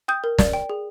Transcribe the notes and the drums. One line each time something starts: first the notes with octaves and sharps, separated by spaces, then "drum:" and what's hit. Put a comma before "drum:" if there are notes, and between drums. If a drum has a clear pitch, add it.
G5 D#6 G6
A#4
D5, drum: snare
G5
G#4